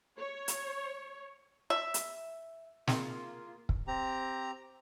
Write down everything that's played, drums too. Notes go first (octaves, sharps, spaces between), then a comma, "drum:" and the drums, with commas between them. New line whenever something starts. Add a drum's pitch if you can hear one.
C#5
drum: hi-hat
E5
drum: hi-hat
A#3 C4 D#4 F4 G#4 A#5 C6 G#6, drum: snare
drum: kick
C4 G4 A#5